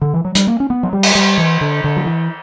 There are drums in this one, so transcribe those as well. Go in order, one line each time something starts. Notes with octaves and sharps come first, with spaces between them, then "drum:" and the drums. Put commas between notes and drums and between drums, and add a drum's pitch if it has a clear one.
D3
E3
F#3
G3, drum: hi-hat
A#3
C#4
B3
F#3
G3
drum: cymbal
G3
E3
D3
D3
F#3
E3